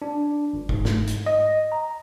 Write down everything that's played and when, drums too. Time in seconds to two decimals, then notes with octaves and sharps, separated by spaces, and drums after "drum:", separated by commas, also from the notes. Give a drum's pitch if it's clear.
0.02 D4
0.53 G1
0.69 G#2, drum: kick
0.85 drum: snare
1.08 drum: hi-hat
1.26 D#5
1.72 A#5